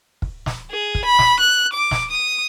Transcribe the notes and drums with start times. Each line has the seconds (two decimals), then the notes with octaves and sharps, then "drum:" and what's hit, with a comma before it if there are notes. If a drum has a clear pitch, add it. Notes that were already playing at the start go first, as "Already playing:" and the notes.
0.22 drum: kick
0.46 drum: snare
0.70 G#4
0.95 drum: kick
1.05 B5
1.19 drum: snare
1.40 F#6
1.73 D6
1.91 drum: snare
2.10 D#6